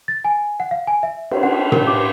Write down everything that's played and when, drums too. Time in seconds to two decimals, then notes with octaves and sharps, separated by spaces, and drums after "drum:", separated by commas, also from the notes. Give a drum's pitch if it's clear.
0.08 A6
0.24 G#5
0.60 F#5
0.71 F5
0.87 G#5
1.03 E5
1.31 drum: cymbal
1.43 F#5
1.72 A#4, drum: tom A2
1.87 D6